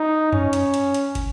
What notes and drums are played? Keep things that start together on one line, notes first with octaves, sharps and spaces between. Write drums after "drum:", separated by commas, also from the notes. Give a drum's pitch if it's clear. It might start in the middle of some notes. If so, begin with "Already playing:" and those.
Already playing: D#4
C#4, drum: tom F#2
drum: hi-hat
drum: hi-hat
drum: hi-hat
drum: kick, hi-hat